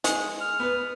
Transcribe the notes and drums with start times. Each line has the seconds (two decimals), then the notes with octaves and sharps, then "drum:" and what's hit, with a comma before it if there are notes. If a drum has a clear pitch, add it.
0.04 G#3, drum: hi-hat
0.41 F6
0.60 B3 B4